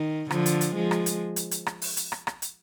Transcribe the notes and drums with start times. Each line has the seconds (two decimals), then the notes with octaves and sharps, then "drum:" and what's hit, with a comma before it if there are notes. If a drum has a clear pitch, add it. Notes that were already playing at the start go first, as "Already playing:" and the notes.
Already playing: D#3
0.31 D3 F3, drum: rim click
0.46 drum: hi-hat
0.61 drum: hi-hat
0.75 F3 G#3
0.91 drum: rim click
1.06 drum: hi-hat
1.36 drum: hi-hat
1.51 drum: hi-hat
1.66 drum: rim click
1.82 drum: open hi-hat
1.97 drum: hi-hat
2.12 drum: rim click
2.27 drum: rim click
2.42 drum: hi-hat